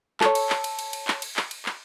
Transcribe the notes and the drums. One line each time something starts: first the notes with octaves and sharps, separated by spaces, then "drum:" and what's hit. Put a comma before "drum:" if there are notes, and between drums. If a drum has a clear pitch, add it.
A4 C#5, drum: clap
drum: cymbal
drum: clap
drum: cymbal
drum: cymbal
drum: cymbal
drum: clap
drum: cymbal
drum: clap
drum: cymbal
drum: clap